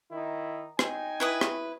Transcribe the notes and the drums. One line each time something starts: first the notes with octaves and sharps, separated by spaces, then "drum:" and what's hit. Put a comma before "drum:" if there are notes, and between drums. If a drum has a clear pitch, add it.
D#3 D#4 E4
D#4 G5 G#5, drum: rim click
E4 B4 D#6
drum: rim click